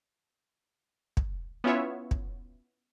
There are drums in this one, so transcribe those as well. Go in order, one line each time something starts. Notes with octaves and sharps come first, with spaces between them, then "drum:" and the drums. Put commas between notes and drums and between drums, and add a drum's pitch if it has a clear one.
drum: kick
B3 C#4 E4 F4 C#5 E5
drum: kick